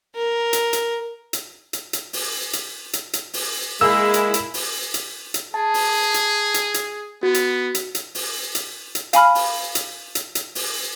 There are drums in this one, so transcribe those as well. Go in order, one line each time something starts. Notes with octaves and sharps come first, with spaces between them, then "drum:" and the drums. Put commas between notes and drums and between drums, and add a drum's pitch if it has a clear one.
A#4
drum: hi-hat
drum: hi-hat
drum: hi-hat
drum: hi-hat
drum: hi-hat
drum: open hi-hat
drum: hi-hat
drum: hi-hat
drum: hi-hat
drum: open hi-hat
G#3 A#3 E4 G#4 E6
drum: hi-hat
drum: hi-hat
drum: open hi-hat
drum: hi-hat
drum: hi-hat
G#4 A5
drum: open hi-hat
drum: hi-hat
drum: hi-hat
drum: hi-hat
B3 F#4
drum: hi-hat
drum: hi-hat
drum: hi-hat
drum: open hi-hat
drum: hi-hat
drum: hi-hat
F5 G#5 B5 F6, drum: hi-hat
drum: open hi-hat
drum: hi-hat
drum: hi-hat
drum: hi-hat
drum: open hi-hat